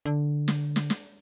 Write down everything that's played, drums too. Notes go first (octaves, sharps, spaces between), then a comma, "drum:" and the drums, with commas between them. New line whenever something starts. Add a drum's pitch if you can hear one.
D3
drum: snare
drum: snare
drum: snare